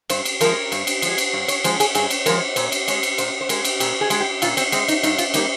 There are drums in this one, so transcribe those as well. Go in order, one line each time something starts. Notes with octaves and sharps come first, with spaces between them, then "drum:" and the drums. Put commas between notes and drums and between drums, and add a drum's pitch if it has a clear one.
G2 C5, drum: cymbal
drum: cymbal
F3 G#3 A#4, drum: cymbal
G2, drum: cymbal
drum: cymbal
F3 G#3, drum: cymbal
drum: cymbal
G2
C#5, drum: cymbal
F3 G#3 C5, drum: cymbal
G#4, drum: cymbal
G2 G#4, drum: cymbal
drum: cymbal
F3 G#3 A#4, drum: cymbal
A#2 C5, drum: cymbal
drum: cymbal
G#3 C#5, drum: cymbal
drum: cymbal
A#2 C5, drum: cymbal
C5
G#3 A#4, drum: cymbal
drum: cymbal
A#2 G4, drum: cymbal
G#4
G#3, drum: cymbal
G4
A#2 F4, drum: cymbal
C4, drum: cymbal
G#3 C4, drum: cymbal
D#4, drum: cymbal
G2 D#4, drum: cymbal
F4, drum: cymbal
G3 A#3 D#4, drum: cymbal